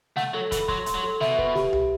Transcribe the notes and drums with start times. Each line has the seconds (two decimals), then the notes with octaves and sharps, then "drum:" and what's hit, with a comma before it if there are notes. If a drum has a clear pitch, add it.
0.16 A3 F#5, drum: snare
0.34 F#3 A4
0.52 E3 A4, drum: kick, hi-hat
0.68 F#3 C6, drum: kick
0.86 C6, drum: hi-hat
0.94 F#3
1.03 A4
1.21 B2 E5, drum: snare
1.39 B4, drum: kick
1.55 G4, drum: snare
1.73 G4, drum: tom C2